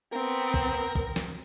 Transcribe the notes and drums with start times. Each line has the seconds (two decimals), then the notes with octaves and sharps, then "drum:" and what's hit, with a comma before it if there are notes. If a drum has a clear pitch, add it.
0.13 B3 C4 A#4
0.54 drum: kick B1
0.95 drum: kick B1
1.16 drum: snare